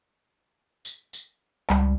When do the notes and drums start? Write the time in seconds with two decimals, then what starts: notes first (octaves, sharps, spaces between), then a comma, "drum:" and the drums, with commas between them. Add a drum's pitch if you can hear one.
0.85 drum: tambourine
1.13 drum: tambourine
1.70 C#2 G3, drum: clap